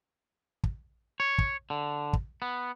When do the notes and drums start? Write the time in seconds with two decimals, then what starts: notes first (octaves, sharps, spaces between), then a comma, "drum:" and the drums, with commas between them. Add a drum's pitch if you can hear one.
0.63 drum: kick
1.20 C#5
1.38 drum: kick
1.70 D3
2.13 drum: kick
2.42 B3